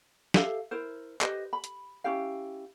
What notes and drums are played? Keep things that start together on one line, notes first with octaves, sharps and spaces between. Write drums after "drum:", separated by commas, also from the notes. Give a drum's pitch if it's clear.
G4 A4 E5 F5, drum: snare
E4 A#4 C5
G4 B4 C5 D#5, drum: clap
B5
drum: hi-hat
C#4 E4 G4 F5